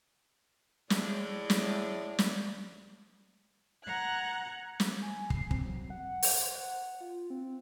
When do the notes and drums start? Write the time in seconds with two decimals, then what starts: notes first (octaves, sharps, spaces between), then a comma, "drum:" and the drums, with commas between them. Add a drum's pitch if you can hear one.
0.90 A2 G#3 D5, drum: snare
1.50 drum: snare
2.19 drum: snare
3.83 F#5 A#5 F#6 G#6
4.80 drum: snare
5.02 G#5
5.30 C7, drum: kick
5.51 C4, drum: kick
5.66 F#3
5.90 F#5
6.23 drum: open hi-hat
6.41 C5
6.56 F#5
7.01 F4
7.30 C4